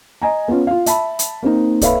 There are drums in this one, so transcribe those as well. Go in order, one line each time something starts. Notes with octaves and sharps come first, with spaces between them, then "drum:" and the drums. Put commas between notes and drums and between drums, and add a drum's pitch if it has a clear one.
D#5 G#5 A#5
B3 C#4 F4
F4 F5
E5 A5 B5, drum: hi-hat
drum: hi-hat
A#3 C4 D#4
A4 B4 C#5 E5 F5 B5, drum: kick, hi-hat